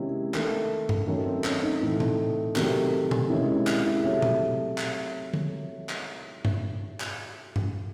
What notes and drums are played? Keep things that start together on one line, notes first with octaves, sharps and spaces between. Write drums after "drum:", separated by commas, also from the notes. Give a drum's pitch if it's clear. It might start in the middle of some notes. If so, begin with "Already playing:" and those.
Already playing: C3 D#3 G#3 C#4 E4
D#3 A3, drum: clap
drum: tom G2
D#3 F#3 A3 C#4
C4
C#4, drum: clap
C4 D#4
A2 E3 A3
drum: tom A#2
C3 D#3 F#3 A3, drum: clap
drum: tom A#2
C3 D#3 G#3 C#4 E4
C#4 E4
drum: clap
E4 G#4
C3 F#3 A3 C#5 E5
drum: tom A#2
drum: clap
drum: tom D3
drum: clap
drum: tom G2
drum: clap
drum: tom G2